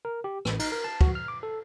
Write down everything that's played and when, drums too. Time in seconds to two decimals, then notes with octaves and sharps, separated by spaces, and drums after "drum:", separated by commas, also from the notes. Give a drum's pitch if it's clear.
0.05 A#4
0.24 G4
0.45 A1, drum: rim click
0.59 D#4, drum: cymbal
0.72 A#4
0.84 A5
1.01 F#4, drum: kick
1.15 F6
1.28 D6
1.43 A4